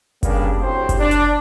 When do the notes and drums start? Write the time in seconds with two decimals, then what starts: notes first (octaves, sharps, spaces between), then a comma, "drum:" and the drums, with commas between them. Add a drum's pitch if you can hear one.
0.23 C#3 G3 A#3 B3 D4 A#4, drum: kick F#1, hi-hat
0.61 D2 A2 F#3 C4 G4 C5
0.89 drum: kick F#1, hi-hat
0.99 D4
1.11 drum: hi-hat